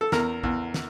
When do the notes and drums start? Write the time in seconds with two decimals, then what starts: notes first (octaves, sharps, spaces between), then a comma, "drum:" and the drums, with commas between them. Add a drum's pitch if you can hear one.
0.01 A4
0.12 E2 A#4, drum: snare
0.43 E2, drum: kick A#1
0.74 drum: snare